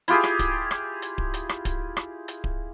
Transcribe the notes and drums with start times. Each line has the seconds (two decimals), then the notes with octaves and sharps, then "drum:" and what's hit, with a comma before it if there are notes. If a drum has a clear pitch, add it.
0.08 E4 F4 G4 G#4, drum: hi-hat
0.24 drum: rim click
0.39 drum: kick D1, hi-hat
0.71 drum: rim click
1.02 drum: hi-hat
1.18 drum: kick D1
1.34 drum: hi-hat
1.49 drum: rim click
1.65 drum: kick D1, hi-hat
1.97 drum: rim click
2.28 drum: hi-hat
2.44 drum: kick D1